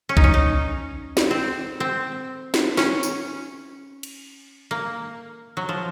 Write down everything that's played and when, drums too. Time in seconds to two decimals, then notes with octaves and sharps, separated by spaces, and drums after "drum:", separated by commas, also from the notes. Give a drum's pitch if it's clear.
0.09 C#4
0.17 D#4, drum: kick B1
0.24 C#4
0.34 D#4
1.17 drum: snare
1.31 C4
1.80 C4
2.54 drum: snare
2.77 C#4, drum: snare
3.03 drum: tambourine
4.03 drum: cymbal
4.71 A#3
5.57 F#3
5.69 F3